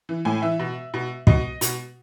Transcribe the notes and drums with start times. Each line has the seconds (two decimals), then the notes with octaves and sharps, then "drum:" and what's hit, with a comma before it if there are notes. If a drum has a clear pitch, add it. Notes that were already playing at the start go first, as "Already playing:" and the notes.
0.09 E3
0.25 A2 G#5
0.42 E3 E5
0.59 B2
0.94 B2
1.27 B2 D#5, drum: kick
1.61 B2, drum: hi-hat